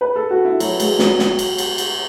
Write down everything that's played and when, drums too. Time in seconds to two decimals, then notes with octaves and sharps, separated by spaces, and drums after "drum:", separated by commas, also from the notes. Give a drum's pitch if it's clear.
0.01 B4
0.16 A4
0.30 F#4
0.45 E4
0.60 F#3, drum: cymbal
0.80 G#3, drum: cymbal
0.99 F#3, drum: snare
1.19 drum: snare
1.39 drum: cymbal
1.58 drum: cymbal
1.78 drum: cymbal